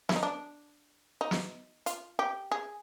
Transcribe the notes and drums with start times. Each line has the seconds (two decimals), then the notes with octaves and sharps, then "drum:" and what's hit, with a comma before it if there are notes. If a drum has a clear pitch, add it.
0.09 E4, drum: snare
0.16 D#4
0.23 D4
1.21 D#4
1.31 drum: snare
1.86 F4, drum: hi-hat
2.19 G4
2.51 G#4